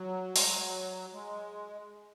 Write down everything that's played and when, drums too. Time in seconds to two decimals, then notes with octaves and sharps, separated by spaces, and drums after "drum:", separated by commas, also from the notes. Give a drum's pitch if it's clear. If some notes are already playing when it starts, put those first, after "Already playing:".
Already playing: F#3
0.36 G#3, drum: open hi-hat
0.43 F#3
1.14 G#3